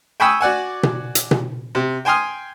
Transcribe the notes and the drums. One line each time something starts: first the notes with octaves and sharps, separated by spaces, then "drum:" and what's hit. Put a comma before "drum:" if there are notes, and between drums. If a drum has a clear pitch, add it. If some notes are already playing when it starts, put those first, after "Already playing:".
G5 G#5 B5 C#6 D#6 E6
F#4 D5 F#5 G#5
drum: tom B2
drum: hi-hat
drum: tom B2
C3
G5 G#5 C6 D#6 F6